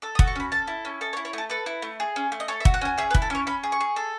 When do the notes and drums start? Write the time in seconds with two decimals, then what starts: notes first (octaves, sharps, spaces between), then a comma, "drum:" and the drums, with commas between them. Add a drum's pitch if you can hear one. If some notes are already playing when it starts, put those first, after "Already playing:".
0.02 A4 E6
0.15 D#6
0.19 F#4, drum: kick
0.27 C#6
0.35 C#4 B5
0.52 A4 A5
0.67 E4
0.85 C#4
1.01 A4 D#5
1.13 C#5
1.17 E4
1.25 C#5
1.33 A3 A4
1.50 A4 B4
1.66 E4
1.82 A3
2.00 G#4
2.16 C#4
2.32 A3
2.40 D#5
2.48 A4 C#5
2.60 E5
2.65 F#4, drum: kick
2.74 F#5
2.81 C#4 G#5
2.98 G#4 E5
3.11 B4
3.14 E4, drum: kick
3.22 A4
3.30 C#4 C#5
3.47 C#4 B5
3.63 G#4
3.72 C#6
3.80 G#4
3.96 A4